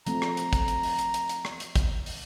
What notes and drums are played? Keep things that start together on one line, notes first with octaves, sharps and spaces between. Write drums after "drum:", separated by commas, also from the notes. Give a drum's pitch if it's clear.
F3 A3 C4 A#5, drum: hi-hat
drum: rim click
drum: hi-hat
drum: kick, hi-hat
drum: hi-hat
drum: open hi-hat
drum: hi-hat
drum: hi-hat
drum: hi-hat
drum: rim click
drum: hi-hat
drum: kick, hi-hat
drum: open hi-hat